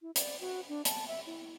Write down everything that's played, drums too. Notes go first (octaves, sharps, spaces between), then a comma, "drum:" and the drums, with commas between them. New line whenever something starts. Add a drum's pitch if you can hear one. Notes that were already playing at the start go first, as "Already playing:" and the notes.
E4
D5, drum: hi-hat
F#4
D4
A5, drum: hi-hat
E5
E4